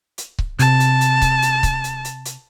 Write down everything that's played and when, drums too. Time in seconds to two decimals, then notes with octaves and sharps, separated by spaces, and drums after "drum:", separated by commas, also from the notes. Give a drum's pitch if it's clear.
0.18 drum: hi-hat
0.39 drum: kick C#1
0.59 C3 A5, drum: hi-hat
0.80 drum: hi-hat
1.01 drum: hi-hat
1.22 drum: kick C#1, hi-hat
1.42 drum: hi-hat
1.63 drum: kick C#1, hi-hat
1.84 drum: hi-hat
2.05 drum: hi-hat
2.25 drum: hi-hat